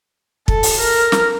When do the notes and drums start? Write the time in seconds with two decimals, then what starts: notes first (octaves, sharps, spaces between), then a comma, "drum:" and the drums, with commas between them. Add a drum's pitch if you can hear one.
0.48 A4, drum: kick
0.63 drum: open hi-hat
0.80 A#4
1.12 drum: snare